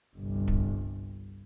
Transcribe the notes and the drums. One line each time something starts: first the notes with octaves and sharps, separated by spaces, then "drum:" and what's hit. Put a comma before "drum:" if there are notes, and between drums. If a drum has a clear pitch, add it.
G1 C2
drum: kick